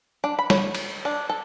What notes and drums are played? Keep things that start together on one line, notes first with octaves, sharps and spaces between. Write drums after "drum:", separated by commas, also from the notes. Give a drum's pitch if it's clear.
D4
B5
C#5, drum: snare
drum: cymbal
D4
A4